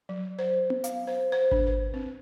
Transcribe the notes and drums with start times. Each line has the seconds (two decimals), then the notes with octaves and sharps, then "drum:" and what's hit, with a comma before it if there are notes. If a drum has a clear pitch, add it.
0.09 F#3
0.39 C5
0.70 drum: tom B3
0.84 F5, drum: hi-hat
1.07 C5
1.32 C5
1.51 D4, drum: kick G#1
1.67 B4
1.94 C4